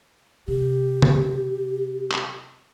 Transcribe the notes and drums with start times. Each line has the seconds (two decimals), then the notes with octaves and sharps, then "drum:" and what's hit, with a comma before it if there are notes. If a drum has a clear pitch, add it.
0.48 C3 G4
1.02 drum: tom C3
2.12 drum: clap